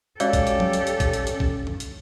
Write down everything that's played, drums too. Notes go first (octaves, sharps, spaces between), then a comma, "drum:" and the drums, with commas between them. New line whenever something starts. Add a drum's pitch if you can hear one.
G#3 C#4 F#4 G4 A4 C#5 D5 F5, drum: hi-hat
drum: kick A#1, hi-hat
drum: hi-hat
drum: tom F#3
drum: hi-hat
drum: hi-hat
drum: kick A#1, hi-hat
drum: hi-hat
drum: hi-hat
drum: kick A#1
drum: tom
drum: hi-hat